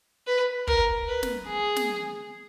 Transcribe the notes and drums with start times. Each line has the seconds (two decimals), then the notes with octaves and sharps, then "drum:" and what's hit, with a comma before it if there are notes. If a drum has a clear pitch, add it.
0.27 B4
0.67 A#4, drum: kick
1.08 B4
1.23 drum: snare
1.48 G#4
1.76 drum: snare